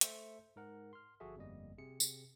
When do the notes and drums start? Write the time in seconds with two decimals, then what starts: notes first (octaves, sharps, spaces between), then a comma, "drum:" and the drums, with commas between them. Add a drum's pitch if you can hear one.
0.01 A3 C5 E5 C6 C#7, drum: hi-hat
0.56 G#2 A#4 F#5
0.93 C6 F6
1.20 G1 F3 F#4 G#4 A4 E5
1.36 G1 F2 G3 A#3 D#5
1.78 C3 G#4 C#7
2.00 drum: tambourine